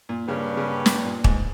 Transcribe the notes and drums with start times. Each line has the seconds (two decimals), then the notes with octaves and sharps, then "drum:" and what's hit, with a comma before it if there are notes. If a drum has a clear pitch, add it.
0.09 A#2
0.28 G2 C#3 G3 A#3 C#4
0.57 C#3
0.86 drum: snare
1.05 A#2
1.24 G#2, drum: kick